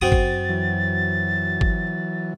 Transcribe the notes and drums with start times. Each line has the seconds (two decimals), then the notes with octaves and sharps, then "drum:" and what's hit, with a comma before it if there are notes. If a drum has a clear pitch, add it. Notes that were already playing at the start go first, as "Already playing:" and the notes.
0.01 F#2 C4 F#4 D#6 A6
0.12 drum: kick G1
0.49 E3 F#3
1.61 drum: kick G1